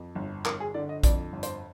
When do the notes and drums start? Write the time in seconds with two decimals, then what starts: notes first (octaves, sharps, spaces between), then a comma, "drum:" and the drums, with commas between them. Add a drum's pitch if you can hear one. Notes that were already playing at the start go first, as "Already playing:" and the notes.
Already playing: F2
0.15 G1
0.46 G1 A#4, drum: clap
0.60 G#4
0.74 D3 D5
0.89 D#5
1.03 F2 D5, drum: kick, hi-hat
1.33 G1
1.43 C5, drum: hi-hat